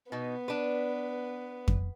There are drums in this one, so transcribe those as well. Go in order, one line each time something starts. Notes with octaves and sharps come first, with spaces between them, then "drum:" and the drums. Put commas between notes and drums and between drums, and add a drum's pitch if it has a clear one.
B2 B3 D#4
D4 B4
drum: kick F2